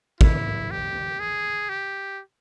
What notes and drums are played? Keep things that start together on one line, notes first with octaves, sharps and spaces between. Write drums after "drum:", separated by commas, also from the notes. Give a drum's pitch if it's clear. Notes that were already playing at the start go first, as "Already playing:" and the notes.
E4, drum: kick
G4
G#4
G4